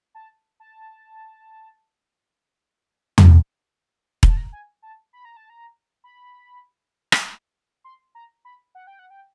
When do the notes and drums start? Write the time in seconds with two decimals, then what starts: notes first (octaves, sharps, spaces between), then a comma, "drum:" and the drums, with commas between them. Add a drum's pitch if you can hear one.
0.15 A5
0.60 A5
3.18 drum: tom E2
4.23 A#5, drum: kick E1
4.30 A5
4.37 A#5
4.53 G#5
4.82 A5
5.13 B5
5.25 A#5
5.37 A5
5.50 A#5
6.04 B5
7.12 drum: rim click
7.84 C6
8.15 A#5
8.45 B5
8.75 F#5
8.87 G5
8.99 F#5
9.10 G5